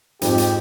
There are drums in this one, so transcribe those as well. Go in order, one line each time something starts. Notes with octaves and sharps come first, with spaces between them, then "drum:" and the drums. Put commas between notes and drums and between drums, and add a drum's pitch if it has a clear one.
F2 G#2 G4, drum: hi-hat
drum: hi-hat